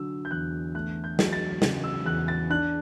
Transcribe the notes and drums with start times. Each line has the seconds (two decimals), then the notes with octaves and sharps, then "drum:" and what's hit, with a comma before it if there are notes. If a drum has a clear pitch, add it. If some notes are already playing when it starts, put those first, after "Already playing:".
Already playing: D3 F#3 E6
0.25 G6
0.31 E2 F#6
0.74 A3 F#6
1.04 G6
1.19 F#3, drum: snare
1.33 A6
1.62 C#3, drum: snare
1.84 E6
2.06 E2 F#6
2.28 A6
2.50 D4 F#6